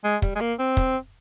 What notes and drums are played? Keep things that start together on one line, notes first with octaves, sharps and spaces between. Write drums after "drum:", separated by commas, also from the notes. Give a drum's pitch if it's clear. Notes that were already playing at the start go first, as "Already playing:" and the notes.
G#3
G3, drum: kick
G#3
A#3
C4
drum: kick